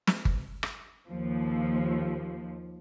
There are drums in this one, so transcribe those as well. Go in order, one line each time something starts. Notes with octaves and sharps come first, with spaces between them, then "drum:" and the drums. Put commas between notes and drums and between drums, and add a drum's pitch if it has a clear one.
drum: snare
drum: kick G1
drum: rim click
D#2 F3